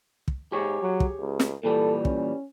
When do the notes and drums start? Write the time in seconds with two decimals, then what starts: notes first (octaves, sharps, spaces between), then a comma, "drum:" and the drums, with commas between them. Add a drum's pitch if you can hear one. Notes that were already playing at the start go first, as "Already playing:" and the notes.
0.28 drum: kick
0.52 G#2 G4 G#4 C#5
0.82 F#3
1.00 drum: kick
1.20 C#2
1.40 drum: snare
1.63 A#2 E3 G3 A4
2.05 C#4, drum: kick